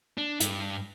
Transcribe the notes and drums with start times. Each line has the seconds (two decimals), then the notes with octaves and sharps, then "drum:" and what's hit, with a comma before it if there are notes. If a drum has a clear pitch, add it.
0.18 D4
0.40 G2, drum: hi-hat